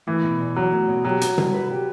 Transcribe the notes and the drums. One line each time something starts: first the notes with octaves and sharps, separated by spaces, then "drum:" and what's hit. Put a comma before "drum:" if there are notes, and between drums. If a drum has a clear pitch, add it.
E3 A3
B2
E2
E2 F#3
A3
B2
F#3 G4
C#4, drum: hi-hat
G3, drum: tom C3
B4
G4